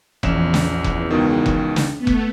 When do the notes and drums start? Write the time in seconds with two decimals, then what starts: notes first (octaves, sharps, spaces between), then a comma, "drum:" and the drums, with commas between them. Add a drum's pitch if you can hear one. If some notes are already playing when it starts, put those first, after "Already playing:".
0.23 A#1 E2 C#4 E7, drum: kick F1
0.54 drum: snare
0.84 drum: kick F1
1.11 C#2 B2 D#3
1.46 drum: kick F1
1.76 drum: snare
1.98 A3 B3
2.07 drum: kick F1